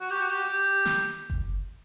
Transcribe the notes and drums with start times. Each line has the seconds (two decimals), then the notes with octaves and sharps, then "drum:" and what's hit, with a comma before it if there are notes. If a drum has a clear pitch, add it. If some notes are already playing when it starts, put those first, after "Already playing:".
0.01 F#4
0.10 G4
0.20 F#4
0.30 G4
0.45 G4
0.86 drum: snare
1.30 drum: kick F#1